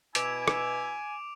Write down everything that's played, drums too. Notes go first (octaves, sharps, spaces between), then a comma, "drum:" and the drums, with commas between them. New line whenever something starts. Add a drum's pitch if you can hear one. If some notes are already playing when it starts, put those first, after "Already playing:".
B2 E4 G#5 D6 D7 F7, drum: hi-hat
drum: rim click